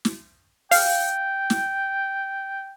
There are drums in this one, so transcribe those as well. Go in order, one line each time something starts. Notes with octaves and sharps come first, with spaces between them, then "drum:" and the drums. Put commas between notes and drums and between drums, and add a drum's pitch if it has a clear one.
drum: snare
F5 G5, drum: open hi-hat
drum: snare